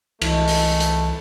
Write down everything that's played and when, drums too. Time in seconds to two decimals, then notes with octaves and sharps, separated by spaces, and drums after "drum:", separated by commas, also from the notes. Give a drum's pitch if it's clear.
0.22 C2 E3 G#3 A3, drum: cymbal
0.48 drum: open hi-hat
0.80 drum: hi-hat